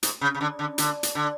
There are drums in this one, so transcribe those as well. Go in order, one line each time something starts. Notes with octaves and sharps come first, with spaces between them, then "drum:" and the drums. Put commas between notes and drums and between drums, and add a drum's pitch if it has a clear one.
G#2, drum: hi-hat
C#3
C#3
D3
D3
D3, drum: hi-hat
drum: hi-hat
D3